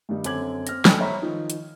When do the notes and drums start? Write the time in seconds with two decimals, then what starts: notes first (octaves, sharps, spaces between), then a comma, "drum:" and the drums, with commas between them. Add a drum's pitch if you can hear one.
0.09 G2 D#3 G3 D#4
0.24 F#2 D3 C4 D6 G#6 F#7, drum: hi-hat
0.67 C4 F6 A#6, drum: hi-hat
0.85 D4 A4 D#5 G5 G#5 B5, drum: snare
0.99 C5 C#5 E5 A#5 B5 C#6
1.22 D#3 F3 D#4
1.50 drum: hi-hat